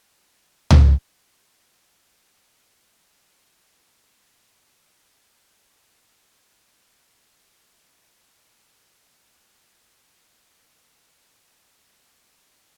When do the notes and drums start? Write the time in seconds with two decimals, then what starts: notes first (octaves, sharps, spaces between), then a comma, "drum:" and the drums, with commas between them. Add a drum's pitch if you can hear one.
0.17 G3 F#4 D#5
0.70 drum: tom C#2
3.70 C#2 C#4 D#4 A4 F#5 C#6 F#7
5.60 A#3 F#5
7.74 F#2
8.03 G2
8.47 F#1
11.41 G#4 D#5
12.06 C#4